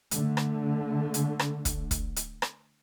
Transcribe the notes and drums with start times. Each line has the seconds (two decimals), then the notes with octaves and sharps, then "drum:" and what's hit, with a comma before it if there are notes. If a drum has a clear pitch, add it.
0.11 D3 A3, drum: hi-hat
0.37 drum: rim click
1.14 drum: hi-hat
1.39 drum: rim click
1.65 drum: kick, hi-hat
1.91 drum: kick, hi-hat
2.16 drum: hi-hat
2.42 drum: rim click